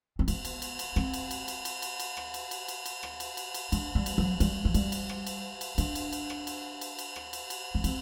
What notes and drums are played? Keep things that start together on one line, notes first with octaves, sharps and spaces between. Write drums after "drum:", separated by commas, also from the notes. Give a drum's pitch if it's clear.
C4
B3, drum: cymbal
drum: cymbal
drum: cymbal
drum: cymbal
C4, drum: rim click
drum: cymbal
drum: cymbal
drum: cymbal
drum: cymbal
drum: cymbal
drum: cymbal
drum: rim click
drum: cymbal
drum: cymbal
drum: cymbal
drum: cymbal
drum: rim click
drum: cymbal
drum: cymbal
drum: cymbal
D4, drum: cymbal
G3
drum: cymbal
F#3
G3, drum: cymbal
F#3
G3, drum: cymbal
drum: cymbal
drum: rim click
drum: cymbal
drum: cymbal
D4, drum: cymbal
drum: cymbal
drum: cymbal
drum: rim click
drum: cymbal
drum: cymbal
drum: cymbal
drum: rim click
drum: cymbal
drum: cymbal
B3
C4, drum: cymbal